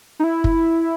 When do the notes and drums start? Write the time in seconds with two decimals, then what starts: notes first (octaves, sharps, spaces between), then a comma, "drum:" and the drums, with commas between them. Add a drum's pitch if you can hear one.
0.20 D#4
0.24 E4
0.44 drum: kick